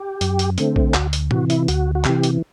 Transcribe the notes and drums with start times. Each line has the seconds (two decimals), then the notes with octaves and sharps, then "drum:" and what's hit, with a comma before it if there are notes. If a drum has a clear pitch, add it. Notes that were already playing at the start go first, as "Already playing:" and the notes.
Already playing: G4
0.21 F#2, drum: hi-hat
0.39 drum: hi-hat
0.58 D3 A3 C4, drum: hi-hat
0.76 drum: kick A#1
0.94 D2 F#4, drum: clap
1.13 drum: hi-hat
1.31 C3 E3 F#4, drum: tom A2
1.50 E4, drum: hi-hat
1.68 D2 F#4, drum: hi-hat
1.95 F#4
2.04 C3 E3 G4, drum: clap
2.23 drum: hi-hat